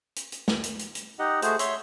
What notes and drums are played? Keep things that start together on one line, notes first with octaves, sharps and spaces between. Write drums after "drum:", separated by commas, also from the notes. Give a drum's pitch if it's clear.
drum: hi-hat
drum: hi-hat
drum: snare
drum: hi-hat
drum: hi-hat
drum: hi-hat
D#4 G4 D#5 F#5
A3 F#4 G#4 C5, drum: hi-hat
C#5 E5 C6, drum: hi-hat